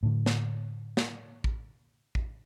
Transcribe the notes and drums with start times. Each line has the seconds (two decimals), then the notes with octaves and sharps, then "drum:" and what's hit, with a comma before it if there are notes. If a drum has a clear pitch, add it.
0.03 A2 D3
0.26 drum: snare
0.97 drum: snare
1.44 drum: kick A1
2.15 drum: kick A1